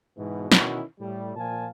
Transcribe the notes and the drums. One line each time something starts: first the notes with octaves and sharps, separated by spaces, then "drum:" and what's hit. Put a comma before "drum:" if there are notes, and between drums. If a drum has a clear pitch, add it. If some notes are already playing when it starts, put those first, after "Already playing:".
G#2 B2 E3
B2 D#3 E3 C#4 E4 F#4, drum: snare
A2 G3
A#2 F3 F5 G#5 A5